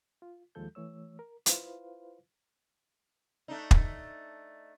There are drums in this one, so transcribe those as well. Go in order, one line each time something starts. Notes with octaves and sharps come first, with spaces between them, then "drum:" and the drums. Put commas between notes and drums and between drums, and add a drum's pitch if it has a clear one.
F4
D#2 F3 G#3 A4 G6
E3 A3 C#5 E6
A#4
E4 F4 B4 C5 F5, drum: hi-hat
A3 D4 D#4
drum: kick